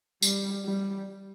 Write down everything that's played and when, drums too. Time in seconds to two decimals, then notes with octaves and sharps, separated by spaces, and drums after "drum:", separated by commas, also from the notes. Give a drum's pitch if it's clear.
0.22 G3, drum: tambourine
0.65 G3